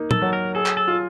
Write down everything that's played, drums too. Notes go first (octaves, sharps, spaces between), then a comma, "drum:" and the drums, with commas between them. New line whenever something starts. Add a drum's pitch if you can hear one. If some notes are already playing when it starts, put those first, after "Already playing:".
Already playing: A#3 D#4
A4, drum: tom
F#3
A#4
G#4 A4
drum: clap
A4
F4